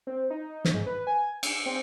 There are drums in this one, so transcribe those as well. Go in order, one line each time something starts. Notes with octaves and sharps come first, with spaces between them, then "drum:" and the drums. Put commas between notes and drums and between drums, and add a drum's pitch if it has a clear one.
C4
D#4
drum: snare
G#2
B4
G#5
E6, drum: cymbal
C4